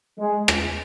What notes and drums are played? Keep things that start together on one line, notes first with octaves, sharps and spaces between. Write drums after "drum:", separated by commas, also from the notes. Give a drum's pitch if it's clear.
G#3
drum: rim click